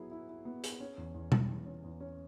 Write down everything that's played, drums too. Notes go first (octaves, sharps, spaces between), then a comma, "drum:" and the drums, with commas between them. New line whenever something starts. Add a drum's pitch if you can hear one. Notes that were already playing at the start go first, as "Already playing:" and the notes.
Already playing: F#3 B3 E4 G#4
E4
E4
B3
G#4, drum: hi-hat
C#4
E2
E2
E2, drum: tom B2
E2
C#4
E2
C#4